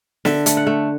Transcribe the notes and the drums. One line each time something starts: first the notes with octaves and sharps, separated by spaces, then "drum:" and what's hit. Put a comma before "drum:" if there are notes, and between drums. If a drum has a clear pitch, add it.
D3 E5, drum: snare
A3, drum: hi-hat
F#5
A3